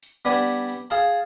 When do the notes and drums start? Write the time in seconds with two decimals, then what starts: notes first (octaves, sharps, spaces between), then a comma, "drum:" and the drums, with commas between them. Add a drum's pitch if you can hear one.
0.02 drum: hi-hat
0.25 G3 B3 D4 G#5
0.46 drum: hi-hat
0.68 drum: hi-hat
0.90 G#4 F5 A5, drum: hi-hat